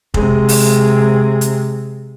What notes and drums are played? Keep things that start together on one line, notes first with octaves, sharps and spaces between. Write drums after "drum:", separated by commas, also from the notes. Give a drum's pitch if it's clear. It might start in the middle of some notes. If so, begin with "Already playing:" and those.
C3 G#3, drum: kick F1
drum: open hi-hat
drum: hi-hat